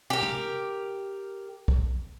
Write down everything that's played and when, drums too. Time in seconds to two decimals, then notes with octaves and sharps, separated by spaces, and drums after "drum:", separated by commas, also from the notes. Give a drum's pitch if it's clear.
0.10 G4 A#4
0.22 drum: tom
1.68 drum: kick